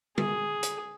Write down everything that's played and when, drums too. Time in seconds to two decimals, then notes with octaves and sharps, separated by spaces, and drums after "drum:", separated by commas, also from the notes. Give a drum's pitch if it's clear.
0.18 G#4, drum: tom
0.63 drum: hi-hat